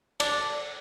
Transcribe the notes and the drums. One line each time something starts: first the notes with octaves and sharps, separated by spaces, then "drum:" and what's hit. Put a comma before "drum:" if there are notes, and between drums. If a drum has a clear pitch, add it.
D4, drum: cymbal